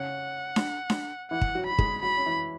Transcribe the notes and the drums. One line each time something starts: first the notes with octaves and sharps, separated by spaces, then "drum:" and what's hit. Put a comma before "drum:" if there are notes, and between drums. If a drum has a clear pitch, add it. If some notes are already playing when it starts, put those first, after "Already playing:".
Already playing: C#3 C#4 F#5
drum: snare D4
drum: snare D4
E3 E4 F#5
drum: kick
F#3 F#4
F#4 B5
G#3 G#4, drum: kick
F#3 F#4 B5
C#4
E3 E4